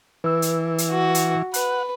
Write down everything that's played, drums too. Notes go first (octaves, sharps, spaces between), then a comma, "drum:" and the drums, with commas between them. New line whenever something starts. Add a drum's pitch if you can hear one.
E3 B4 E6
drum: hi-hat
drum: hi-hat
F#4
drum: hi-hat
B4 F#5, drum: hi-hat